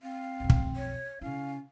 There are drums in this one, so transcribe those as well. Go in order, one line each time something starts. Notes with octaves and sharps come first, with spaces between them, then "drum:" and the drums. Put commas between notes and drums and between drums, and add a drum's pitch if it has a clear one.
C4 F5
B1 F2
drum: kick
C#5
C#3 C#4 E4 F5